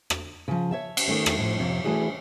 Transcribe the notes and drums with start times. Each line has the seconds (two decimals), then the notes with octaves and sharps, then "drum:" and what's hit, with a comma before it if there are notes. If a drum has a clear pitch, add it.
0.10 drum: rim click
0.48 C#3 F3
0.71 C#5 E5 A5
0.97 drum: cymbal
1.08 D#3 A3 C#4
1.26 drum: rim click
1.38 A2 F3
1.60 F2 C3
1.84 E3 A3 E4 F#4 G#4 D5